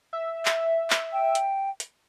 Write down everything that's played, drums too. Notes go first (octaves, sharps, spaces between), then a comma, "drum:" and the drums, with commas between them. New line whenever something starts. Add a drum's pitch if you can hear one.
E5
drum: clap
drum: clap
G5
drum: hi-hat
drum: hi-hat